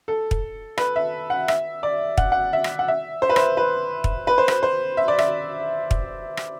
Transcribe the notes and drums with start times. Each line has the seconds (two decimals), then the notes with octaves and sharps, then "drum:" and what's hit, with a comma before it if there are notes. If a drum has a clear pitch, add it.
0.08 A4
0.31 drum: kick
0.78 B4, drum: rim click
0.96 E5
1.30 F#5
1.48 E5, drum: rim click
1.83 D5
2.18 F#5, drum: kick
2.32 F#5
2.53 E5
2.64 drum: rim click
2.79 F#5
2.88 E5
3.22 C5
3.29 B4
3.36 C5, drum: rim click
3.57 B4
4.04 drum: kick
4.27 B4
4.38 C5
4.48 B4, drum: rim click
4.63 C5
4.97 E5
5.08 D5
5.19 E5, drum: rim click
5.91 drum: kick
6.37 drum: rim click